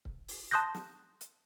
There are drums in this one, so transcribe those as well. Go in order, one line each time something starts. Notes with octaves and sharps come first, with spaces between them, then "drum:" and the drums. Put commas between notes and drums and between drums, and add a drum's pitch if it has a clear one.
drum: kick C#1
drum: open hi-hat
A5 C6 D#6 F#6 G6 A#6
drum: snare
drum: hi-hat